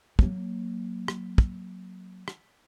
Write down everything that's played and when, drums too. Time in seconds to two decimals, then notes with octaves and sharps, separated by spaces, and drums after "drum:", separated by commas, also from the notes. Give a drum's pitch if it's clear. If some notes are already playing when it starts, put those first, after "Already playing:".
0.19 F#3 A#3, drum: kick
1.08 drum: rim click
1.38 drum: kick
2.28 drum: rim click